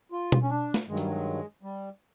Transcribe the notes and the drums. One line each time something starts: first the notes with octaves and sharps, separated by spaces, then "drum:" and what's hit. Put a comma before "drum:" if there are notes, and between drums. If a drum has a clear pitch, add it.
F4
drum: tom B2
C#4
D4
drum: snare
G2 D#3 F#3 G#3
G3, drum: tambourine
G#3
G3